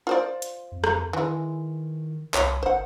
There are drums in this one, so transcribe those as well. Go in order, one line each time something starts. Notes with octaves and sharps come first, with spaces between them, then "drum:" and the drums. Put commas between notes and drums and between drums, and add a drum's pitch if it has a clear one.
F4 C5 D5
drum: hi-hat
F2
drum: rim click
D#3 E3 G#3
C2 C#5, drum: clap
G#1 C5 F#5